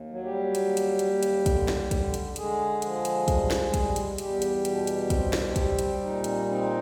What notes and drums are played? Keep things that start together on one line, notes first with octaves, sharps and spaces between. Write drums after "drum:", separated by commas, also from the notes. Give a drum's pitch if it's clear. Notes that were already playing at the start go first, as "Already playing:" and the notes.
Already playing: D#2
F#3
G3 G4
D#2, drum: hi-hat
drum: hi-hat
D#2, drum: hi-hat
drum: hi-hat
D3, drum: kick, hi-hat
drum: snare
D3, drum: kick, hi-hat
drum: hi-hat
D3 G#3 G#4, drum: hi-hat
F3, drum: hi-hat
drum: hi-hat
G3, drum: kick, hi-hat
drum: snare
G3, drum: kick, hi-hat
drum: hi-hat
E2 G3 G4, drum: hi-hat
drum: hi-hat
B2, drum: hi-hat
drum: hi-hat
C4, drum: kick, hi-hat
drum: snare
G3, drum: kick, hi-hat
drum: hi-hat
A#2 D#4
drum: hi-hat
C4 D#4